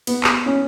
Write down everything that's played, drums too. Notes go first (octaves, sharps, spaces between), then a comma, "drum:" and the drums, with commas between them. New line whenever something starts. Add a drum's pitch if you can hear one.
B3, drum: cymbal
drum: clap
C#4